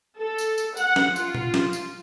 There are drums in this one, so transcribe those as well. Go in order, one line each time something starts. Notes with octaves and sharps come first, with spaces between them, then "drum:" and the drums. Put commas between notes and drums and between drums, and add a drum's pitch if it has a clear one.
A4
drum: tambourine
drum: tambourine
F#5, drum: tambourine
drum: snare
F4, drum: tambourine
drum: tom A#2
drum: snare
drum: tambourine